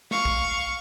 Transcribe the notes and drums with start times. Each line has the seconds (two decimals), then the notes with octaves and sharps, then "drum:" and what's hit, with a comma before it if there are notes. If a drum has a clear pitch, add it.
0.11 F5 C#6, drum: snare
0.25 drum: kick